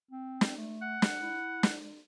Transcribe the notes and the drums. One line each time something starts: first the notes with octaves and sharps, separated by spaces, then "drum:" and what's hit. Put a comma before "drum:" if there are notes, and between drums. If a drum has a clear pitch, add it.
C4
drum: snare
A3
F#5
drum: snare
E4
drum: snare